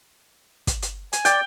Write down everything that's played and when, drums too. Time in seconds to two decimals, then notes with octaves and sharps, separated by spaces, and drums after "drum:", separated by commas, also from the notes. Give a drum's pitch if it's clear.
0.67 drum: kick, hi-hat
0.82 drum: hi-hat
1.13 G#5, drum: hi-hat
1.25 D5 G5, drum: hi-hat